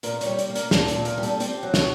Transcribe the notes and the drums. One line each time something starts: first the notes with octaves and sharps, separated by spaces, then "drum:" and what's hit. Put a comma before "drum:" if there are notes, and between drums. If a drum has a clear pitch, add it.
A#2 A#4, drum: hi-hat
C#5, drum: hi-hat
G3
D5, drum: hi-hat
A#3
A#4, drum: hi-hat
A#2 A4, drum: snare
A4, drum: hi-hat
A#2
A#4, drum: hi-hat
G3
A4, drum: hi-hat
C4 G4, drum: hi-hat
F#3
F#4, drum: snare